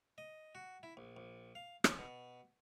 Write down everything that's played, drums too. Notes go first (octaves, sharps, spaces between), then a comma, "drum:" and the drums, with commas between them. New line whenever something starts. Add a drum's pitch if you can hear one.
D#5
F#4
E4
A#1
A#1
F5
C#4, drum: rim click
B2